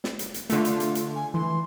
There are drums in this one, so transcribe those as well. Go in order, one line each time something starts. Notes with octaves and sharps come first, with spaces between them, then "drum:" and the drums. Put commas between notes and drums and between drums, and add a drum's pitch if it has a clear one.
drum: snare
drum: hi-hat
drum: hi-hat
D3 A3 F4, drum: hi-hat
drum: hi-hat
drum: hi-hat
drum: hi-hat
G#5
E3 C6